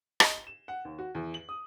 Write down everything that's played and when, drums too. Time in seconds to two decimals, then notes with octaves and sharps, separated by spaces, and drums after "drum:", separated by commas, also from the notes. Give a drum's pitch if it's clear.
0.20 D#5, drum: rim click
0.33 G7
0.47 E7
0.68 F#5
0.85 D#2
0.99 F#4
1.15 E2
1.34 F#7
1.49 D#6